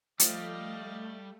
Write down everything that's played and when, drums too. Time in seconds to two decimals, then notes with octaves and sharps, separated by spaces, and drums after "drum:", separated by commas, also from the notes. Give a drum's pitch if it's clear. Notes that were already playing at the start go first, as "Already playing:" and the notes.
0.20 F3 G3 A3 D#5 F5 D6, drum: hi-hat